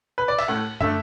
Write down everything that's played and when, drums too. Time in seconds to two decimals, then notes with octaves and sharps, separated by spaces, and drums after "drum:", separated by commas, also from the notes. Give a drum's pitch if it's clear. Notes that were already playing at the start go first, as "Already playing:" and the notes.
0.18 B4
0.28 D5
0.39 E5, drum: cymbal
0.48 A2 A3 F#5
0.81 D3 A3 E5, drum: tom